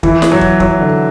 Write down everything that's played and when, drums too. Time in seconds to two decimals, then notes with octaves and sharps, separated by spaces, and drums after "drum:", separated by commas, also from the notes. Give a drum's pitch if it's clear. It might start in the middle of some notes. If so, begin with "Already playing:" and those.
0.03 E3, drum: kick
0.22 drum: snare
0.32 F#3
0.41 drum: kick
0.60 F#3, drum: kick
0.80 D3